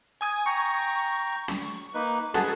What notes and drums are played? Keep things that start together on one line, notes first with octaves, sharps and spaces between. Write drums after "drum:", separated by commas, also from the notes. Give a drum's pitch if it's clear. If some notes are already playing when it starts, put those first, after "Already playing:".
G#5 D#6 G#6
G5 A#5 C#6
drum: snare
A#3 D#4 B4
F#4 G#4 A4 B4 G#5, drum: snare